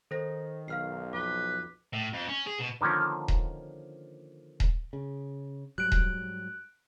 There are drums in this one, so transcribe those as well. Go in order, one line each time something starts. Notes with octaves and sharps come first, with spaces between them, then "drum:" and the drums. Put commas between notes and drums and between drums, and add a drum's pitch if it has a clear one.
D#3 A4 C5 A#6
B1 F5 F6 C7
F2 B4 D6 G7
A2
F2
C#4
G#4
B2
D3 D#3 F3 A#3 C#4
drum: kick D#1
drum: kick D#1
C#3
G#2 F#3 G3 F#6 D7
drum: kick D#1